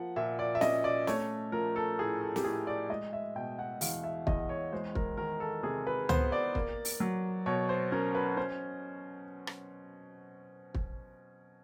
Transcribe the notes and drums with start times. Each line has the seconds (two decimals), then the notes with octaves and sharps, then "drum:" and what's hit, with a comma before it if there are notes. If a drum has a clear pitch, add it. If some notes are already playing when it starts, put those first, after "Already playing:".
Already playing: F3 A#3 F#5
0.16 A#2 E5
0.39 D5
0.55 E5
0.61 C#4 D#5, drum: snare
0.84 D5
1.07 A3 C#5, drum: snare
1.52 F3 A#4
1.76 A4
1.99 A2 G#4
2.21 A4
2.36 G4, drum: snare
2.44 A2 G#4
2.67 D5
2.90 G#3 D#5
3.13 E5
3.35 B2 G5
3.59 F#5
3.81 E2 F5, drum: open hi-hat
4.04 E5
4.27 E2 D#5, drum: kick
4.49 C#5
4.72 G#3 C5
4.95 A#4, drum: kick
5.17 D#3 A#4
5.40 A4
5.63 C3 G#4
5.87 B4
6.09 B3 C5, drum: tom C#2
6.32 D5
6.55 A#3, drum: kick
6.85 drum: open hi-hat
7.00 F#3
7.46 B2 C#5
7.69 C5
7.92 C#4 A#4
8.15 B4
8.37 C#4 C5
9.47 drum: rim click
10.74 drum: kick